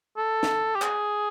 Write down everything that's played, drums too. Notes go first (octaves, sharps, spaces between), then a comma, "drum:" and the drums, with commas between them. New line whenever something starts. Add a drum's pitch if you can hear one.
A4
drum: snare
G4
G#4, drum: clap